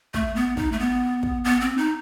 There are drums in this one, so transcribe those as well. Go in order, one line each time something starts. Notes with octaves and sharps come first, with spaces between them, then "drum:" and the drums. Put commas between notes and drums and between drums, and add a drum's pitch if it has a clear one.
A3, drum: kick
B3
D#4, drum: kick
A3
B3
drum: kick
B3
C4
D#4